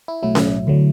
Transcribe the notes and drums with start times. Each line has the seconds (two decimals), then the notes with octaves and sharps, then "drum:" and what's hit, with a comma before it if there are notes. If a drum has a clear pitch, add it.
0.08 E4
0.23 B1 A2 F#3 E4
0.35 drum: snare C#4
0.67 D2 D3 F#3